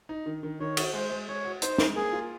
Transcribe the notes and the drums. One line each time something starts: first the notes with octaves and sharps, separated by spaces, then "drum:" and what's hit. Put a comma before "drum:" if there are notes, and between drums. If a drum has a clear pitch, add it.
D#4
D#3
D#3
D#3 C#5
F#4, drum: cymbal
G#3 C5
G#3
G#3 C#5
F#4
D#4 C5, drum: hi-hat
G#3, drum: snare D#4
A#3 G#4
F4